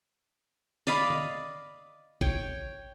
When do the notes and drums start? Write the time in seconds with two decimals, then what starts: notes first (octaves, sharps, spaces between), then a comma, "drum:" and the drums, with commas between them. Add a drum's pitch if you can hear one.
0.87 D5 D#5 F5 B5, drum: tambourine
1.10 drum: tom D3
2.21 C#5 G5, drum: kick A1